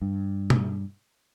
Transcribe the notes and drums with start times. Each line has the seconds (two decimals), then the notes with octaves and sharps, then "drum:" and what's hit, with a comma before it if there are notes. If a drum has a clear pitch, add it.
0.02 G2
0.50 drum: tom B2